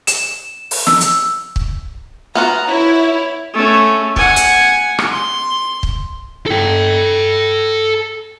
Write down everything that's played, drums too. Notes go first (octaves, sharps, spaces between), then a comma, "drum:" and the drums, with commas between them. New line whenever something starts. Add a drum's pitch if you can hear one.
E7, drum: hi-hat
drum: open hi-hat
E6, drum: snare
drum: hi-hat
drum: kick
B3 F4 F#4 A#5
E4 C#5
A3 C#4
F#5 G#5, drum: kick
drum: hi-hat
drum: rim click
C6
drum: kick
A4 G5